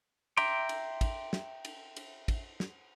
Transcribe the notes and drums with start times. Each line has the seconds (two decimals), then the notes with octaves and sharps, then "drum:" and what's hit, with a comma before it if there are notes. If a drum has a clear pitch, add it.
0.37 E5 G5 A#5 C6 D6, drum: cymbal
0.69 drum: cymbal
1.01 drum: kick, cymbal
1.33 drum: snare
1.65 drum: cymbal
1.96 drum: cymbal
2.28 drum: kick, cymbal
2.60 drum: snare